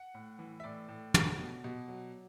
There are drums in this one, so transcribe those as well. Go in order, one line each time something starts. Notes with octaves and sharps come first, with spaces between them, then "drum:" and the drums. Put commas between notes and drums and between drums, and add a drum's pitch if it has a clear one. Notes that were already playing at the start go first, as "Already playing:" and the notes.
Already playing: F#5
A2
E3
E5
A2 D5
A2
F#3, drum: tom
B2
B2
F#3